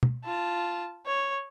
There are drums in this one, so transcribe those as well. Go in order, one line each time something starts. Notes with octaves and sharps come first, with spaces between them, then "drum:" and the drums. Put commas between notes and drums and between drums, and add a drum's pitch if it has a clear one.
drum: tom
F4 A5
C#5